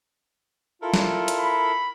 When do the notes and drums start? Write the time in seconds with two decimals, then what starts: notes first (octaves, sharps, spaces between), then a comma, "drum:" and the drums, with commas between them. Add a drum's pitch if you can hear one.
0.82 E4 F4 A4 A#4
0.94 drum: snare
1.28 drum: hi-hat
1.39 B5